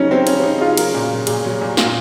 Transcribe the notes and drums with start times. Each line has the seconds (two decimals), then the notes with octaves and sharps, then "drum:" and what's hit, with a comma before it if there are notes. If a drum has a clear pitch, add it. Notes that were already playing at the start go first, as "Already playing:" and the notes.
Already playing: C#3 F#3 C#4 D#4
0.11 F#3 C4
0.27 C#3 C#4, drum: cymbal
0.43 F#3 D#4
0.61 C#3 F4
0.77 F#3 A#4, drum: cymbal
0.94 A#2
1.11 F#3
1.27 A#2 G#4, drum: cymbal
1.45 F#3
1.61 A#2
1.77 A#2 F4, drum: snare